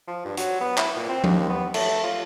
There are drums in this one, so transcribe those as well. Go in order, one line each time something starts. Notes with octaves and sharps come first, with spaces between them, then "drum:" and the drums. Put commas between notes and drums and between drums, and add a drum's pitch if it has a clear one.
F3
G2
F#3, drum: hi-hat
B3
E4, drum: clap
A#2
C4
D#2, drum: tom F3
B3
A3, drum: cymbal
F4